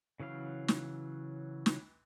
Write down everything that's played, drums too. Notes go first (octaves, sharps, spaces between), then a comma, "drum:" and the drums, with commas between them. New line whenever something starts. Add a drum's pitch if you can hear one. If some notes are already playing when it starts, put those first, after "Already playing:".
C#3 E3 F#3 F5
drum: snare
drum: snare